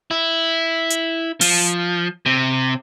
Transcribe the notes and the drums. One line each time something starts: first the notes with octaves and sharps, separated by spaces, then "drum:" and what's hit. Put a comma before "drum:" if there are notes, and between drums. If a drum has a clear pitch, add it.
E4
drum: hi-hat
F3, drum: open hi-hat
C3